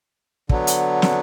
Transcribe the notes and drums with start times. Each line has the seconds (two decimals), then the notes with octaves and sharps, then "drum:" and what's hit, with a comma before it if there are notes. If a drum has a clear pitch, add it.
0.49 D3 F#3 B3, drum: kick
0.67 drum: hi-hat
1.02 drum: snare